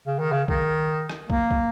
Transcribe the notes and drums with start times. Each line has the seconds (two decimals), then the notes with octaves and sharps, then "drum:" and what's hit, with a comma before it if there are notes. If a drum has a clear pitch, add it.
0.07 C#3
0.19 D#3
0.32 C#3
0.48 D#3, drum: kick
1.09 drum: rim click
1.30 A#3, drum: kick
1.51 drum: kick